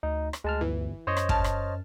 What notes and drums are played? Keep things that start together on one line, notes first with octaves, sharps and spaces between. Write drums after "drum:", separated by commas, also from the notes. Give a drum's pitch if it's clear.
D2 D#4
drum: rim click
D2 G#3 A5 F6
G1 E3
F#2 C5 C#5 D#5
drum: rim click
A5 F6, drum: kick
drum: rim click